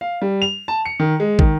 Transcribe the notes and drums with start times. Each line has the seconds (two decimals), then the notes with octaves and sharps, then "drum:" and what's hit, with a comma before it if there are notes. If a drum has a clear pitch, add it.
0.01 F5
0.22 G3
0.42 F7
0.68 A5
0.85 C#7
1.00 D#3
1.20 G#3
1.39 D#3, drum: kick